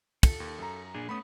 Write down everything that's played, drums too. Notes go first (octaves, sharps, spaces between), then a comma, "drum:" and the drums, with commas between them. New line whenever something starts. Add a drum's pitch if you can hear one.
A4, drum: kick, cymbal
D#2
F#2 A#5
A#2 D4 G#4
A3 B3 C#4 B5 D#6